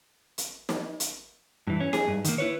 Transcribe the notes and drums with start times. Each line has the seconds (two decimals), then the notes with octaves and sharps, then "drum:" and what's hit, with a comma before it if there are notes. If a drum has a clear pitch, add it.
0.38 drum: hi-hat
0.69 drum: snare
1.00 drum: hi-hat
1.67 G2 E3
1.80 C#4
1.93 G#4, drum: snare
2.08 G2
2.24 D#3 A#3, drum: hi-hat
2.38 E4 B4 C#5